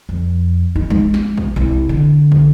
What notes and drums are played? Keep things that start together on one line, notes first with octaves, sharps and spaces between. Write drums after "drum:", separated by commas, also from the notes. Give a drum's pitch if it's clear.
F2
D#4
G#3, drum: kick
drum: snare
drum: kick
C2
D3
drum: kick